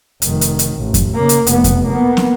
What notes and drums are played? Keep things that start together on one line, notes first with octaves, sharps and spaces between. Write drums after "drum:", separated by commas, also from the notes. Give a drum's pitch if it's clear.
F1 D#3, drum: hi-hat
drum: hi-hat
drum: hi-hat
A1
drum: kick F2, hi-hat
C#3 A#3
drum: hi-hat
F1 B3, drum: hi-hat
drum: kick F2, hi-hat
A#3 B3
drum: snare